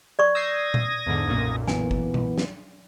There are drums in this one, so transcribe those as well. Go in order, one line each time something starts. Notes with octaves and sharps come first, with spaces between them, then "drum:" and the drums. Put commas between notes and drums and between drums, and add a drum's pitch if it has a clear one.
D5 C#6
D#6 E6 G6 G#6 A#6 C7
drum: tom A#2
E2 G#2 D3
B1 F#2 A#2
E3 B3 G#5, drum: snare
drum: kick G1
drum: tom B2
drum: snare